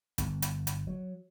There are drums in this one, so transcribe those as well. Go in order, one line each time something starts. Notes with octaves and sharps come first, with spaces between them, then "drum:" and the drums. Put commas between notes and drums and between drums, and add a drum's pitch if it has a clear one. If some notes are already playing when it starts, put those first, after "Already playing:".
G1, drum: hi-hat
drum: hi-hat
drum: hi-hat
F#3